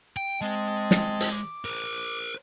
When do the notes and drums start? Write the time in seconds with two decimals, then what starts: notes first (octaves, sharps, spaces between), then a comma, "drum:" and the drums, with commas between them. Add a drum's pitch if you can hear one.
0.17 G5
0.41 G#3 C4 D#5 A5
0.91 drum: snare
1.21 drum: hi-hat
1.32 D6
1.65 A#4 C5